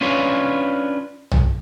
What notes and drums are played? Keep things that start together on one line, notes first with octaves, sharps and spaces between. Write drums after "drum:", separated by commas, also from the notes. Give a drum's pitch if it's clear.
C#4 D4 F4 B4 C#5
drum: tom